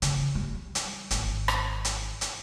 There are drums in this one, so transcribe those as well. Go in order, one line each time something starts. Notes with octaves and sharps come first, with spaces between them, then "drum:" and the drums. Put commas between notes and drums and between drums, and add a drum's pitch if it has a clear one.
C#3, drum: hi-hat
G3
drum: hi-hat
G#1, drum: hi-hat
drum: rim click
drum: hi-hat
drum: hi-hat